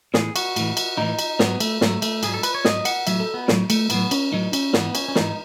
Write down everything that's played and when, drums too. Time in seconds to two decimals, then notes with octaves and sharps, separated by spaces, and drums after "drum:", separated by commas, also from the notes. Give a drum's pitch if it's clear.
0.14 A2 E3 G#4, drum: snare
0.36 F#4, drum: cymbal
0.56 A2 E3, drum: cymbal
0.77 drum: cymbal
0.98 A2 E3 D#4
1.19 drum: cymbal
1.39 G#2 F#3 B3, drum: snare
1.60 A3, drum: cymbal
1.81 G#2 F#3 A3, drum: snare
2.02 A3, drum: cymbal
2.23 G#2 F#3 G#4, drum: cymbal
2.34 A4
2.43 B4, drum: cymbal
2.54 C#5
2.65 G#2 F#3 D#5, drum: snare
2.85 F#5, drum: cymbal
3.07 A2 F#3 E5, drum: cymbal
3.20 A4
3.34 B3
3.48 A2 F#3, drum: snare
3.70 A3, drum: cymbal
3.90 A2 F#3 B3, drum: cymbal
4.11 C#4, drum: cymbal
4.32 A2 F#3 D#4
4.53 C#4, drum: cymbal
4.73 G#2 E3 B3, drum: snare
4.95 C#4, drum: cymbal
5.08 C#4
5.15 G#2 E3 D#4, drum: snare